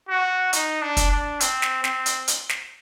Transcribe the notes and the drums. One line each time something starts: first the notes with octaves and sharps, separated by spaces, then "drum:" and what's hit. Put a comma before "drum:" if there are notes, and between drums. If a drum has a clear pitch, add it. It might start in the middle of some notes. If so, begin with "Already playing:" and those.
F#4
D#4, drum: hi-hat
D4
drum: kick, hi-hat
D4
C4, drum: hi-hat
drum: snare
C4, drum: snare
drum: hi-hat
drum: hi-hat
drum: snare